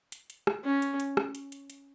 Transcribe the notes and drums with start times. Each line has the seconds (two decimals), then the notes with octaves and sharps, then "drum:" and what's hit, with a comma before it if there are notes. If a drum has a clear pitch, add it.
0.12 drum: hi-hat
0.30 drum: hi-hat
0.47 drum: rim click
0.64 C#4
0.82 drum: hi-hat
1.00 drum: hi-hat
1.17 drum: rim click
1.35 drum: hi-hat
1.52 drum: hi-hat
1.70 drum: hi-hat